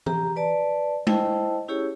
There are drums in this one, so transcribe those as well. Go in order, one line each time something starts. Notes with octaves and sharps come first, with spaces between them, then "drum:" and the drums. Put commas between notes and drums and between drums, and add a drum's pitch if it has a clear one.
G4 A#5, drum: tom
B4 D5 A5
E4 C5 D#5 G5 A5, drum: tom G#3
C#4 E4 G4 G#4 C#5